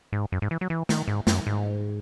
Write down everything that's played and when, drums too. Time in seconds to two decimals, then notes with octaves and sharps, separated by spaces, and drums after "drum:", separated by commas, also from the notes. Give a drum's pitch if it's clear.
0.13 G#2
0.32 F#2
0.42 G#2
0.51 E3
0.61 F#3
0.70 E3
0.89 D#3, drum: snare
1.08 G#2
1.27 F#2, drum: snare
1.47 G#2